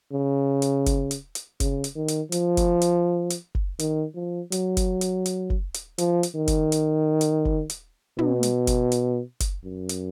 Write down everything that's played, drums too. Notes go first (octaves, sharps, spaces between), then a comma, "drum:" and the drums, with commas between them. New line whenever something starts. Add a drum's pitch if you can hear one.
C#3
drum: hi-hat
drum: kick F#1, hi-hat
drum: hi-hat
drum: hi-hat
C#3, drum: kick F#1, hi-hat
drum: hi-hat
D#3
drum: hi-hat
F3, drum: hi-hat
drum: kick F#1, hi-hat
drum: hi-hat
drum: hi-hat
drum: kick F#1
D#3, drum: hi-hat
F3
F#3, drum: hi-hat
drum: kick F#1, hi-hat
drum: hi-hat
drum: hi-hat
drum: kick F#1
drum: hi-hat
F3, drum: hi-hat
drum: hi-hat
D#3
drum: kick F#1, hi-hat
drum: hi-hat
drum: hi-hat
drum: kick F#1
drum: hi-hat
B2, drum: tom
drum: hi-hat
drum: kick F#1, hi-hat
drum: hi-hat
drum: kick F#1, hi-hat
F#2
drum: hi-hat